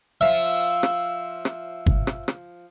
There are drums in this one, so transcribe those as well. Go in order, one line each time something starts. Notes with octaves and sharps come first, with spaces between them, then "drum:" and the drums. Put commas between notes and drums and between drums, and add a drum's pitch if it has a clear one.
F3 F4 E5
drum: rim click
drum: rim click
drum: kick G1
drum: rim click
drum: rim click